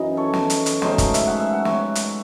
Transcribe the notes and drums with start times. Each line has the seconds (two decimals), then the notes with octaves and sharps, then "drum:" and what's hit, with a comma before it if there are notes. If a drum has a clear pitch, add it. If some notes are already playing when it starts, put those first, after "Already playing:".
Already playing: F#2 E3 D#4 D#5
0.17 A4 C#5
0.33 drum: snare
0.50 drum: hi-hat
0.66 drum: hi-hat
0.82 G#2 F#3 A3 C#4 C5 D#5, drum: snare
0.98 drum: kick, hi-hat
1.14 E5, drum: hi-hat
1.27 F#5
1.40 E5
1.53 F#5
1.65 C#5 E5, drum: snare
1.95 drum: hi-hat